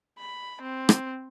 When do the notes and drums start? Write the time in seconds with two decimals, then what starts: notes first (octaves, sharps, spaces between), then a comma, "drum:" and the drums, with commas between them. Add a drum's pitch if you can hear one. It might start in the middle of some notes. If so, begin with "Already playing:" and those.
0.18 B5
0.61 C4
0.89 drum: rim click